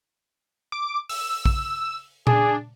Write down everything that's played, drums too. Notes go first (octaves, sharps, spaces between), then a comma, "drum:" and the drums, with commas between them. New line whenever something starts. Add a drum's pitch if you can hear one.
D6
E6, drum: open hi-hat
drum: kick
D4 G#4, drum: tom A#2